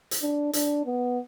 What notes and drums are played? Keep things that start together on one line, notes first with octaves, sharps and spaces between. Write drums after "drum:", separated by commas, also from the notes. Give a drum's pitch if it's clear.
drum: hi-hat
D4
D4, drum: hi-hat
B3